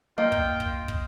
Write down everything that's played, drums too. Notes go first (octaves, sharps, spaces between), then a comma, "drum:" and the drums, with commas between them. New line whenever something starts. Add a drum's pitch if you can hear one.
A#3 F4 D#5 G5
drum: kick
drum: kick
drum: kick